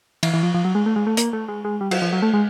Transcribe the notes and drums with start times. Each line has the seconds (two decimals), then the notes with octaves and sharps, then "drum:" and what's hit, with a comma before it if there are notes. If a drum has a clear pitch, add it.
0.23 E3, drum: cymbal
0.34 E3
0.43 F3
0.54 F3
0.65 F#3
0.75 G#3
0.86 A3
0.96 G#3
1.07 A3
1.17 A#3, drum: hi-hat
1.33 A3
1.49 G#3
1.65 G#3
1.81 G3
1.91 F#3, drum: cymbal
2.02 F3
2.13 F#3
2.22 A3
2.34 G#3